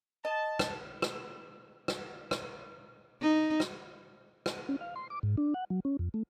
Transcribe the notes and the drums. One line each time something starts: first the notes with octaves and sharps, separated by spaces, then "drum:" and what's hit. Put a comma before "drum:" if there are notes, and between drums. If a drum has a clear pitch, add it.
D#5 A5
drum: rim click
drum: rim click
drum: rim click
drum: rim click
D#4
drum: rim click
drum: rim click
C#4
F5
C6
D6
G#2
D4
F#5
F#3
C#4
F2
A3